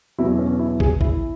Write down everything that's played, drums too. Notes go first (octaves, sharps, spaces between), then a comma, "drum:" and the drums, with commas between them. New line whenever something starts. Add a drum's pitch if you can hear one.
E2 B2 F#3 E4
C#4
E4
G#4, drum: kick
E4, drum: kick